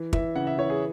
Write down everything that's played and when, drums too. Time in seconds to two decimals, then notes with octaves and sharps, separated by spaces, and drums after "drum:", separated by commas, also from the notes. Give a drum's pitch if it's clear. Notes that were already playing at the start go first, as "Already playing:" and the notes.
Already playing: E3
0.13 E3 E5, drum: kick
0.35 C#3 F#5
0.47 E5
0.58 E3 C#5
0.70 G#4